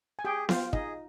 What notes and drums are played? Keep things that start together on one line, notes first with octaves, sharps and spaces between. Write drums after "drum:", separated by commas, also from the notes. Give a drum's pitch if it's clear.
G#5
G4 G#4 G5
F4 C5 F5 G5, drum: snare B3
D#4 G#4 D#5, drum: kick